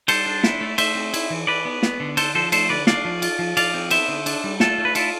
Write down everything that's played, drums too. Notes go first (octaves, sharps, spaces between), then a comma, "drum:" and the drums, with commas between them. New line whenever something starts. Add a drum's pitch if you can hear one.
G3 A4 C5, drum: cymbal
D4
E4, drum: snare
A3
A3 C5 E5, drum: cymbal
C4
E4, drum: cymbal
E3
E3 B4 D5
B3
B3, drum: snare
D3
D4 A4 C5, drum: cymbal
F3 A4 C5
A3 A4 C5, drum: cymbal
D3 B4 D5
D4 D5 F5, drum: snare
F3
F4, drum: cymbal
F3
F3 D5 F5, drum: cymbal
C4
B3 C5 E5, drum: cymbal
D3
D4, drum: cymbal
G3
A3 F4 A4, drum: snare
A3
B4
E4 F4 A4, drum: cymbal